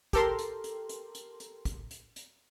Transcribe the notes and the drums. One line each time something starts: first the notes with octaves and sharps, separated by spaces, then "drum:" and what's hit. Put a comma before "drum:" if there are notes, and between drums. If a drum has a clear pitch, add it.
G4 A4 A#4 C6, drum: kick, hi-hat
drum: hi-hat
drum: hi-hat
drum: hi-hat
drum: hi-hat
drum: hi-hat
drum: kick, hi-hat
drum: hi-hat
drum: hi-hat